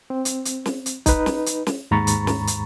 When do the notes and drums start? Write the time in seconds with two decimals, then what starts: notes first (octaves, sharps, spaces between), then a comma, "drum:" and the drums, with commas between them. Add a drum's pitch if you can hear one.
0.10 C4
0.25 drum: hi-hat
0.45 drum: hi-hat
0.66 drum: snare
0.86 drum: hi-hat
1.06 D#4 B4, drum: kick, hi-hat
1.26 drum: snare
1.46 drum: hi-hat
1.67 drum: snare
1.91 D#2 G#2 A#5 B5 C#6 A6
2.07 drum: hi-hat
2.27 drum: snare
2.47 drum: hi-hat